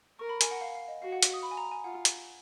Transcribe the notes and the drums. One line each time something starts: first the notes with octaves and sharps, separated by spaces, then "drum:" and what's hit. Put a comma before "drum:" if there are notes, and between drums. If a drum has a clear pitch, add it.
A#4 C#6
B5
G#5, drum: hi-hat
F#5
F5
F5
D#5
F#4 F5
F#5
C#6, drum: hi-hat
D#6
B5
G#5
A#5
G#5
F4 F#5
drum: hi-hat